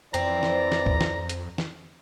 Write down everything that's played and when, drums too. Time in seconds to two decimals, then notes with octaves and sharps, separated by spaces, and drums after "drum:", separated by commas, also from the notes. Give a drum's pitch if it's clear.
0.14 F2 E3 C4 C5 D5 A#5, drum: hi-hat
0.43 drum: snare
0.72 drum: snare
0.86 drum: kick
1.01 drum: snare
1.29 drum: hi-hat
1.58 drum: snare